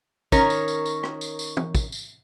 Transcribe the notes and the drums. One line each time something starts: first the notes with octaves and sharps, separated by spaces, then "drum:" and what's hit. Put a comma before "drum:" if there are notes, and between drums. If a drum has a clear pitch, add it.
D#3 C#4 A#4 C#5, drum: kick, tambourine
drum: tambourine
drum: tambourine
drum: tambourine
drum: rim click
drum: tambourine
drum: tambourine
drum: tom
drum: kick, tambourine
drum: tambourine